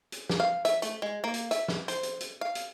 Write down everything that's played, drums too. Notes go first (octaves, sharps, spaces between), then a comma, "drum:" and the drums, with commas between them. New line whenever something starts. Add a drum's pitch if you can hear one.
drum: hi-hat
drum: snare
F5
E5, drum: hi-hat
A3, drum: hi-hat
G#3
A#3
drum: hi-hat
E5, drum: hi-hat
drum: snare
C5, drum: hi-hat
drum: hi-hat
drum: hi-hat
F5
drum: hi-hat